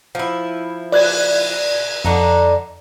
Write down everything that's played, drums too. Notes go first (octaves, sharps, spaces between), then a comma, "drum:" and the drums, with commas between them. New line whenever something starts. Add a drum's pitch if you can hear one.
F3 E4
D5 F#6 G#6, drum: cymbal
F2 D3 D4 D#4